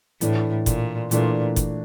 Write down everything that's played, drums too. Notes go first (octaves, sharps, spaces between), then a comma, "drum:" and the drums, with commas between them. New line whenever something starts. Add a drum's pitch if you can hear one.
A2 E3 A3 D4, drum: hi-hat
A#2, drum: kick F#1, hi-hat
A#2 E3 A3 D4, drum: hi-hat
drum: kick F#1, hi-hat